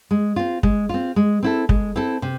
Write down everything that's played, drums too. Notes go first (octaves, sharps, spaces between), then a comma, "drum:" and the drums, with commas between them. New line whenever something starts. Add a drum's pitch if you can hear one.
G#3
C4 F4
G#3, drum: kick
C4 F4
G#3
C4 E4 A4
G#3, drum: kick
C4 E4 A4
C3